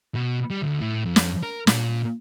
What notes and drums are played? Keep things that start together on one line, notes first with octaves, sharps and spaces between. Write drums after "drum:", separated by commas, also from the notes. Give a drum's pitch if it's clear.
B2
G3
D2
A2
F2
drum: snare
A#4
A#2, drum: snare